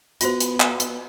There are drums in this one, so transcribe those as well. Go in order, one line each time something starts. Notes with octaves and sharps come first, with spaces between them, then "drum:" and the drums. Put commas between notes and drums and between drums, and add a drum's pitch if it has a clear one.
B3 F4 F#4 C5, drum: hi-hat
drum: hi-hat
drum: clap
drum: hi-hat